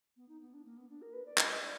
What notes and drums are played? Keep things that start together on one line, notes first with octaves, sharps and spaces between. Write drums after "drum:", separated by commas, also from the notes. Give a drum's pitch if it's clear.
B3
D#4
B3
D4
A#3
B3
D4
A#4
B4
D5
D#5, drum: clap
D#5
D5